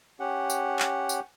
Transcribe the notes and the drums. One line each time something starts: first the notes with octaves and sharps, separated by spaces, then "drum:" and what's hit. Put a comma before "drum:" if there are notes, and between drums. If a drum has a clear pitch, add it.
C#4 G4 F#5
drum: tambourine
drum: clap
drum: tambourine